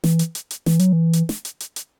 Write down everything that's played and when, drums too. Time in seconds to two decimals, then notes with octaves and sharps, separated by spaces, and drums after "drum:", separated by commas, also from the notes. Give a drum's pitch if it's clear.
0.04 E3, drum: snare
0.19 drum: hi-hat
0.35 drum: hi-hat
0.51 drum: hi-hat
0.66 E3, drum: snare
0.79 F#3, drum: hi-hat
0.93 E3
1.13 drum: hi-hat
1.29 drum: snare
1.45 drum: hi-hat
1.60 drum: hi-hat
1.76 drum: hi-hat